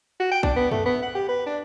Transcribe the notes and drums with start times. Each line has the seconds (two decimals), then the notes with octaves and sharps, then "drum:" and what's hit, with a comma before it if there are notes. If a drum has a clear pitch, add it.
0.20 F#4
0.31 G5
0.43 D4, drum: kick
0.56 B3
0.71 A3, drum: tom F#2
0.85 B3
1.02 F#5
1.15 G4
1.28 B4
1.46 D4